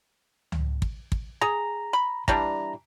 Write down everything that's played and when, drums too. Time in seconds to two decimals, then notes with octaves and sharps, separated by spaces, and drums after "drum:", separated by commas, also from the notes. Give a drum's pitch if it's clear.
0.52 drum: tom C#2
0.82 drum: kick
1.12 drum: kick
1.41 G#4 A#5
1.93 B5
2.28 E3 G3 D4 A#5, drum: kick